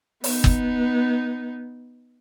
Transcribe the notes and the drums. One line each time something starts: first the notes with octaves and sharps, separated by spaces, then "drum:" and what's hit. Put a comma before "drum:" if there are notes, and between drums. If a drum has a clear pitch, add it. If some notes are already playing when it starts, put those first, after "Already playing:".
B3 D#4, drum: open hi-hat
drum: kick